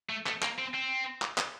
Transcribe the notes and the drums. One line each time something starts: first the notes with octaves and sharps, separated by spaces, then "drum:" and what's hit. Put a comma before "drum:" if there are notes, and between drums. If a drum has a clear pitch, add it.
A3
A3, drum: clap
A#3, drum: clap
C4
C4
drum: clap
drum: clap